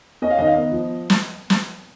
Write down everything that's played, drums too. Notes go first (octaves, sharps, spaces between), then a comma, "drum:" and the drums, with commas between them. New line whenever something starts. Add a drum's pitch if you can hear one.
C#4 D#5
F5
D#3 D#5
F5
B3 D#5
F3
drum: snare
drum: snare